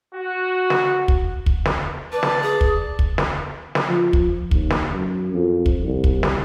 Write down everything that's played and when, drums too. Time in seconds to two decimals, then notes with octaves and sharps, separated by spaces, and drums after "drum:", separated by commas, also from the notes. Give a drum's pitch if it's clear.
0.15 F#4
0.70 drum: snare
1.08 drum: kick
1.46 drum: kick
1.65 drum: snare
2.12 B4 D5 A5
2.23 drum: snare
2.42 G#4
2.61 drum: kick
2.99 drum: kick
3.18 drum: snare
3.75 drum: snare
3.88 F3
4.13 drum: kick
4.51 D#2, drum: kick
4.70 drum: snare
4.92 F#2
5.34 F2
5.66 drum: kick
5.83 C2
6.04 drum: kick
6.23 drum: snare